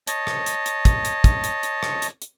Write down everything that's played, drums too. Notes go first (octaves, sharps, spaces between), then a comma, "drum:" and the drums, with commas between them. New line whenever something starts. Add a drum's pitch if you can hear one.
C#5 D#5 A5, drum: hi-hat
drum: rim click
drum: hi-hat
drum: hi-hat
drum: kick, hi-hat
drum: hi-hat
drum: kick, hi-hat
drum: hi-hat
drum: hi-hat
drum: rim click
drum: hi-hat
drum: hi-hat